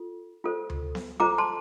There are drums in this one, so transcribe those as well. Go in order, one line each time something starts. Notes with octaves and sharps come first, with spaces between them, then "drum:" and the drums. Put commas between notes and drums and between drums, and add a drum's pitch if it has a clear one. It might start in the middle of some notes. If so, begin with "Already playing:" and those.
Already playing: F4 A4
F4 A4 C5
drum: tom D2
drum: snare B3
F4 A4 C5 A#5 D6
A5 C6